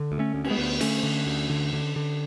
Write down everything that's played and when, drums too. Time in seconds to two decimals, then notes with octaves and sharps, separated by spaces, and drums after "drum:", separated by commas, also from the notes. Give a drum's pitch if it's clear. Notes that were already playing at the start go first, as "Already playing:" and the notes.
Already playing: D3
0.12 D2
0.19 A3 C#4
0.35 D2
0.44 C#4, drum: cymbal
0.50 G#3 B3
0.59 D2
0.81 D3 A3 C#4, drum: cymbal
1.03 D3
1.27 D2
1.50 D3
1.73 D3
1.96 D3